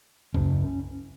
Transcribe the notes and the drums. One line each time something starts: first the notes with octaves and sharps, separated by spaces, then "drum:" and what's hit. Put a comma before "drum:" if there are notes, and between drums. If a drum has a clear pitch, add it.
F#2 C#3 C#4, drum: kick C2